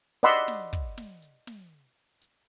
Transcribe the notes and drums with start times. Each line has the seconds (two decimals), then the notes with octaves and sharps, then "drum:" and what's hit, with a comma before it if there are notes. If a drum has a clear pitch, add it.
0.23 D5 D#5 F#5 B5 C6 E6, drum: hi-hat
0.48 drum: snare
0.73 drum: kick, hi-hat
0.98 drum: snare
1.22 drum: hi-hat
1.47 drum: snare
2.22 drum: hi-hat